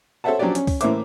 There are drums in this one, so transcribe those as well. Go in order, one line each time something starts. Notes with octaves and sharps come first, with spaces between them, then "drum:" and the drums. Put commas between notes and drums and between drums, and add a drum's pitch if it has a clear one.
A4 C5 C#5 E5 F#5 A5
F3 F#3 C#4 D4 G4 D5
C#4, drum: hi-hat
drum: kick C#2, open hi-hat
A2 E3 A#3 C5 E5 D6, drum: hi-hat